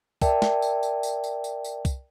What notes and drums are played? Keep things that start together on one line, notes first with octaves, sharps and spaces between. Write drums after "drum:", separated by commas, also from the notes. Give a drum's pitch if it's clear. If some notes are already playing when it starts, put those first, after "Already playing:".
A#4 D5 E5 G5 A5, drum: kick, tambourine
drum: snare
drum: tambourine
drum: tambourine
drum: tambourine
drum: tambourine
drum: tambourine
drum: tambourine
drum: kick, tambourine